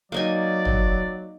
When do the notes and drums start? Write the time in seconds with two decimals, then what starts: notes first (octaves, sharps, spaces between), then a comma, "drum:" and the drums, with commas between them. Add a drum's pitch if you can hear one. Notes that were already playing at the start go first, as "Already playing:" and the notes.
0.12 F#3 A#3 D#4 D5 G#5
0.65 drum: tom